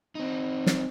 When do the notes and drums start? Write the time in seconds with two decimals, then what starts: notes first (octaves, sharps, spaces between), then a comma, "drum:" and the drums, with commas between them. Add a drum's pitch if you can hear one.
0.15 C4 D#4
0.66 drum: snare